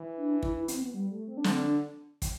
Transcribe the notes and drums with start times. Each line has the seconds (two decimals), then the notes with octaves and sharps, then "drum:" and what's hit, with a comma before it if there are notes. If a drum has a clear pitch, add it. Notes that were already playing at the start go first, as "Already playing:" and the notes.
Already playing: E3
0.17 D4
0.43 E4, drum: kick
0.55 E4
0.68 C4, drum: hi-hat
0.81 B3
0.94 G3
1.11 A3
1.28 C4
1.37 D4
1.44 D3 C4, drum: snare
1.62 D4
2.22 drum: kick, hi-hat